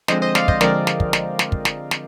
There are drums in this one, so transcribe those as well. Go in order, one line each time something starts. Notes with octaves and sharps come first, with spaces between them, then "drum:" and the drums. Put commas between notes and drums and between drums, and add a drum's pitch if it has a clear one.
D3 F3 G#3 C4 C5 D#5, drum: snare
C5 D#5
D5 F5, drum: snare
C5 D#5, drum: kick
D3 F3 G#3 C4 A#4 D5, drum: snare
drum: snare
drum: kick
drum: snare
drum: snare
drum: kick
drum: snare
drum: snare